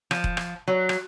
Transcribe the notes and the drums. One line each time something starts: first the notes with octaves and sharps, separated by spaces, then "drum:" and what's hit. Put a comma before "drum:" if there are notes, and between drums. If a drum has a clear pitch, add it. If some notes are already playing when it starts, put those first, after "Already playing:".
F3, drum: rim click
drum: kick E1
drum: rim click
F#3
drum: rim click